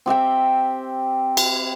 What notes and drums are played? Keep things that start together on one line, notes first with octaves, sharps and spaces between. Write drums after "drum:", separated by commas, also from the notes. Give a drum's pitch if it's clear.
C4 G4 E5 G5
drum: cymbal